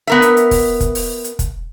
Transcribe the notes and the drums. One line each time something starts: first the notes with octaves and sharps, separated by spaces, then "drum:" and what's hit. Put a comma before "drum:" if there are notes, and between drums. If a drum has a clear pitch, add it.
B3 A#4 E5
drum: hi-hat
drum: hi-hat
drum: kick, open hi-hat
drum: kick, hi-hat
drum: open hi-hat
drum: hi-hat
drum: kick, hi-hat